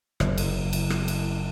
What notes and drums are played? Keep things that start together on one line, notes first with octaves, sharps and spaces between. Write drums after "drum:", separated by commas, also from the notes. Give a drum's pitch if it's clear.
F#1, drum: rim click
drum: cymbal
drum: cymbal
drum: rim click
drum: cymbal